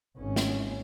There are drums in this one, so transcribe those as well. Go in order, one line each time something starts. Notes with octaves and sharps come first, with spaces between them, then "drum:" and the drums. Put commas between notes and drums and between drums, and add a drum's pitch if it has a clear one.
G#1 C#4
drum: snare